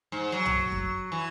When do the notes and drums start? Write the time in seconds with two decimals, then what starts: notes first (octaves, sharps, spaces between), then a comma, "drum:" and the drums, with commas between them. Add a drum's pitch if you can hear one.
0.12 G#2
0.32 F#3
0.45 drum: tom
0.72 drum: kick F#2
1.12 E3